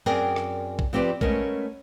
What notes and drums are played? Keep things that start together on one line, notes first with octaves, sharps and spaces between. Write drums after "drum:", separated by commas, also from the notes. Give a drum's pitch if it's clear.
F#2 C4 G#4 A#4 D5 G5
drum: rim click
drum: kick
F3 C4 G4 B4 D5
G#3 A3 B3 C#4 A#4, drum: kick